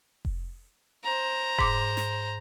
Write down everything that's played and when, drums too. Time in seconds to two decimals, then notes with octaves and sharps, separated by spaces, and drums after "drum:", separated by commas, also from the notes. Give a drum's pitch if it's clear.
0.25 drum: kick F1
1.04 C5 A#5
1.59 G#2 D6, drum: kick F1
1.97 drum: snare